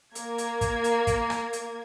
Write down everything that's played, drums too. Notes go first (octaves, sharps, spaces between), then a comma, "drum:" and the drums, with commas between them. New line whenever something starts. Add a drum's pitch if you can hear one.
A#3 G#6, drum: hi-hat
drum: hi-hat
drum: kick, hi-hat
drum: hi-hat
drum: kick, hi-hat
drum: rim click
drum: hi-hat